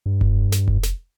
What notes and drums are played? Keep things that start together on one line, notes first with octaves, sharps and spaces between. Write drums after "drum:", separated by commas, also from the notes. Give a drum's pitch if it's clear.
G2
drum: kick F1
drum: snare
drum: kick F1
drum: snare